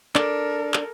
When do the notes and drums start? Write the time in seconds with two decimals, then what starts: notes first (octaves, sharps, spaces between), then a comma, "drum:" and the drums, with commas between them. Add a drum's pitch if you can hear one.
0.15 D4 A4 A#4, drum: clap
0.74 drum: clap